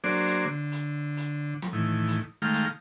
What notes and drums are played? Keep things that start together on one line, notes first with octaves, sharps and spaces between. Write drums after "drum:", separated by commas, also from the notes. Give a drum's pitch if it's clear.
F#3 A#3 D4 G#4 C5 D5
drum: hi-hat
D3
drum: hi-hat
drum: hi-hat
drum: tom F3
A2 D#3 E3
drum: hi-hat
D#3 G#3 A3 F5 G5 A#5
drum: hi-hat